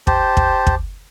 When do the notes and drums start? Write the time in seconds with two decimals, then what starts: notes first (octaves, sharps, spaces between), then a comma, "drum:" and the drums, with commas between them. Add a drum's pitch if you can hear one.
0.07 G4 C5 A5, drum: kick
0.37 drum: kick
0.67 drum: kick